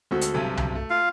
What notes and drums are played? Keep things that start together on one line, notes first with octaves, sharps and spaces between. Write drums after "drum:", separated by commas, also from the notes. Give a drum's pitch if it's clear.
D2 G#3 C4 F#4 A4
drum: hi-hat
B1 G2 C3 A4 G#5 A5
drum: tom C2
A3
F4 F5